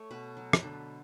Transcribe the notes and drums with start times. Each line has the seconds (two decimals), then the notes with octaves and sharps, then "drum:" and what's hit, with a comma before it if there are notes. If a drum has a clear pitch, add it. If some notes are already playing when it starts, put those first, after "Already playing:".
Already playing: A3 C#5
0.11 B2 B4
0.37 F#3
0.53 B4, drum: rim click
0.63 D3 A4